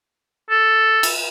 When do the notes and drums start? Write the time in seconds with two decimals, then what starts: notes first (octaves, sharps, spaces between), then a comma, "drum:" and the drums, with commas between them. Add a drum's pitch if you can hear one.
0.50 A4
1.03 drum: cymbal